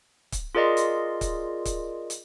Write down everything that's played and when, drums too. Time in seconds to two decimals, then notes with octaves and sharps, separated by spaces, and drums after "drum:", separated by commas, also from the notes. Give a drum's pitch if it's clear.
0.32 drum: kick C#1, hi-hat
0.55 F4 G#4 A#4 D5 D#5 C6
0.77 drum: hi-hat
1.21 drum: kick C#1, hi-hat
1.65 drum: kick C#1, hi-hat
2.10 drum: hi-hat